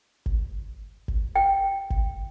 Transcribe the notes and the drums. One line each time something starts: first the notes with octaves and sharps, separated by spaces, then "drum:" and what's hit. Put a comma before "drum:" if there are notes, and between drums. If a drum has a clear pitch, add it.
drum: kick G1
drum: kick G1
G5
drum: kick G1